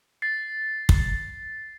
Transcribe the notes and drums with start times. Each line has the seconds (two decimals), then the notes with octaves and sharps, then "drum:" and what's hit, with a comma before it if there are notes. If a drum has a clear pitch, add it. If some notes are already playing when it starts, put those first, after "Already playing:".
0.22 A6 C7
0.89 drum: kick